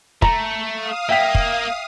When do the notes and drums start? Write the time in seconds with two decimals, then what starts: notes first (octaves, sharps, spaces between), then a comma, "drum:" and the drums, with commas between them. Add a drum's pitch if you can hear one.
0.22 A3 A#5, drum: kick
0.75 F5 D#6
1.09 A#3 E5 G5 B6
1.35 drum: kick